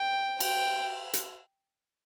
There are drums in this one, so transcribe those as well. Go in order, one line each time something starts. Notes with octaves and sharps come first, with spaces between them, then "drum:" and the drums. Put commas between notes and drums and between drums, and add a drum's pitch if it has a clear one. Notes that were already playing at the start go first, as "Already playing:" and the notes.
Already playing: G5
G5, drum: cymbal
drum: hi-hat